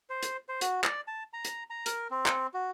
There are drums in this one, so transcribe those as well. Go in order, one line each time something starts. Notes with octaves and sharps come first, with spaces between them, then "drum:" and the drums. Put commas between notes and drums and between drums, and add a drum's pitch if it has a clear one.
C5
drum: hi-hat
C5
F#4, drum: hi-hat
D5, drum: clap
A5
A#5
drum: hi-hat
A#5
A#4, drum: hi-hat
C4
drum: clap
F#4